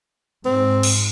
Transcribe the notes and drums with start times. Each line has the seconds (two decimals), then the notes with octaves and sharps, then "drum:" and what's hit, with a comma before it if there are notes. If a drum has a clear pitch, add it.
0.45 G#2 C4
0.83 drum: cymbal